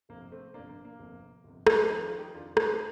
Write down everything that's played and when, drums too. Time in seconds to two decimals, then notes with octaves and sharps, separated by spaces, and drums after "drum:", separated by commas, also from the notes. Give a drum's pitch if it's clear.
0.09 G1 F2 C3 A#3
0.32 A3 C4
0.54 G1 F2 C3 A#3 D4
0.69 A#3 D4
0.85 A#3
0.99 G1 F2 C3
1.44 G1 F2 C3
1.67 drum: rim click
1.88 F1 F2 D#3 C4 D#4
2.04 D4 F4
2.19 D#4 G4
2.34 F1 F2 D#3 D4 F4
2.57 C4 D#4, drum: rim click